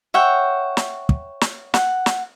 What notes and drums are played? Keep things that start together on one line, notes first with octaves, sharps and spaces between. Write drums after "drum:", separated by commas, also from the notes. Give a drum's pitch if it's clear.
C#5 E5 F#5 G5
drum: snare
drum: kick
drum: snare
F#5, drum: snare
drum: snare